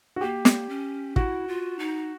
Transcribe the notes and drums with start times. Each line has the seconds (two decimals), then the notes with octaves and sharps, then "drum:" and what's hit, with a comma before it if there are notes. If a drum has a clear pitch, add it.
0.16 F#4
0.21 A#3 G4
0.45 drum: snare
0.69 C#4
1.16 E4 F#4, drum: kick
1.48 F4
1.79 D#4